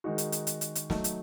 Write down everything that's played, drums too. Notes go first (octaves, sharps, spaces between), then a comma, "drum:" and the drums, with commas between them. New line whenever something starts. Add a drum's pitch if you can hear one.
D#3 G#3 D#4 F#4
drum: hi-hat
drum: hi-hat
drum: hi-hat
drum: hi-hat
drum: hi-hat
F#3 A3 D#4, drum: snare
drum: hi-hat